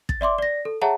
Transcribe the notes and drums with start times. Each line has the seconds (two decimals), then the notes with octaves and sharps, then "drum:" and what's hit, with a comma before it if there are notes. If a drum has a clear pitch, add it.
0.09 A6, drum: kick
0.21 D5 E5 C6 D6
0.38 D5 A#6
0.65 A4
0.82 G#4 C#5 E5 F#5 A5 A#5